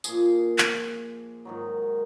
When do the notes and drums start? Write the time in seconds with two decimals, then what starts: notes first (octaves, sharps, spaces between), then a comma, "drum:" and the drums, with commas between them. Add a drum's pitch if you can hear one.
0.04 A#2 F3 G#4, drum: tambourine
0.58 drum: clap
1.45 G#2 D#3 F#3